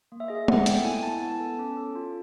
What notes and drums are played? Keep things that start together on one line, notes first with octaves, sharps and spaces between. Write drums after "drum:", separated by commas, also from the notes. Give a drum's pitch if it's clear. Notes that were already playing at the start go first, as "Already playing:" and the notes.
A#3
E5
G#4 D#5
E5
B3 F#5, drum: tom G#3
A4 G5, drum: hi-hat
E4 G#5
B3 A5
B3
A4
C#4
A4
F4